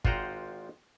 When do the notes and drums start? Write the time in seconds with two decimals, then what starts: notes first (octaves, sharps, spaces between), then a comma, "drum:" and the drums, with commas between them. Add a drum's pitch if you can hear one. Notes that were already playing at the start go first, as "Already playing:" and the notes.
0.04 G#1 F4 C5 F#5 G5 A#5, drum: kick G1